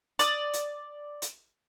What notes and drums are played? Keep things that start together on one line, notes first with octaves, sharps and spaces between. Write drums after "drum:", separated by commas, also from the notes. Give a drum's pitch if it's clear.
D5 D#6, drum: hi-hat
drum: hi-hat
drum: hi-hat